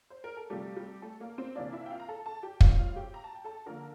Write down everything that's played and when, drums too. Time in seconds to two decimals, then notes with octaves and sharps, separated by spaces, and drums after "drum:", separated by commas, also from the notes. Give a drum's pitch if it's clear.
0.10 C5
0.24 A#4
0.37 A4
0.50 C3 F3 G3 A3 G4
0.76 G3 G4
1.02 A3 A4
1.20 A#3 A#4
1.38 C4 C5
1.55 C3 E3 A#3 D4 D5
1.73 E4 E5
1.86 G5
1.91 F4 F5
2.00 A#5
2.09 A4 A5
2.26 A4 A5
2.43 G4 G5
2.61 A2 G3 C4 F4 F5, drum: kick
2.79 F4 F5
2.96 G4 G5
3.14 A#5
3.24 A5
3.35 G5
3.44 A4 A5
3.66 D3 F3 A#3 A#4 A#5